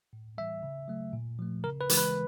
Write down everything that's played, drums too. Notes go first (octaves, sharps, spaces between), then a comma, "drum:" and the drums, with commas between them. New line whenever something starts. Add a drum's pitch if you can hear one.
A2
E3 G3 E5
C#3
F#3 A3
A#2
F3 A3
C#3 A#4
B4
E3 G#3, drum: hi-hat
B4